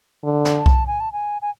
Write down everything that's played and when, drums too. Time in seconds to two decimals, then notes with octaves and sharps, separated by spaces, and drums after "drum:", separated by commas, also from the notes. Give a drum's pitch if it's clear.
0.24 D3
0.45 drum: snare
0.55 A5
0.66 drum: kick B1
0.87 G#5
1.00 A5
1.12 G#5
1.42 G#5